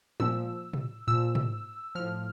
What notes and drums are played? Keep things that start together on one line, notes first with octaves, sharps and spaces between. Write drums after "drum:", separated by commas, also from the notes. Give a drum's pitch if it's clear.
A#2 F3 E6, drum: tom
drum: tom
A#2 F3 E6
drum: tom
A2 F3 F6